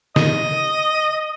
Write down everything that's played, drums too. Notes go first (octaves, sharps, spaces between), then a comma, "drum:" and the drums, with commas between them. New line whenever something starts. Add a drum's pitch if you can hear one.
D#5, drum: snare